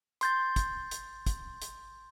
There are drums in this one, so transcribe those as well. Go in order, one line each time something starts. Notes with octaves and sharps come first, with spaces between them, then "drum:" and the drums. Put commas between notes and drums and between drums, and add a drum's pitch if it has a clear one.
C6 G6 A6, drum: hi-hat
drum: kick, hi-hat
drum: hi-hat
drum: kick, hi-hat
drum: hi-hat